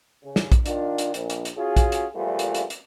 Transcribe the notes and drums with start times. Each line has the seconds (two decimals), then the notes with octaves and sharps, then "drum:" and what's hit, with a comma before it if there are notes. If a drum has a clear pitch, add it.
0.24 C#3
0.36 drum: snare
0.52 drum: kick A#1, hi-hat
0.66 D#3 D4 F4, drum: hi-hat
0.98 drum: hi-hat
1.14 A#1, drum: hi-hat
1.30 drum: hi-hat
1.45 drum: hi-hat
1.57 C#4 F4 F#4 G#4
1.77 drum: kick A#1, hi-hat
1.92 drum: hi-hat
2.15 E2 A#2 F3 G3 A3 F4
2.39 drum: hi-hat
2.55 drum: hi-hat
2.70 drum: hi-hat